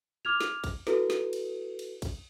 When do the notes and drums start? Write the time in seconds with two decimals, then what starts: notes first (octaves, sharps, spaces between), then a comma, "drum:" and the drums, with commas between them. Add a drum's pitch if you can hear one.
0.25 D6 F6 G#6 F7
0.41 drum: snare
0.64 drum: kick, cymbal
0.87 E4 F#4 A4 B4, drum: snare
1.10 drum: snare
1.33 drum: cymbal
1.79 drum: cymbal
2.02 drum: kick, cymbal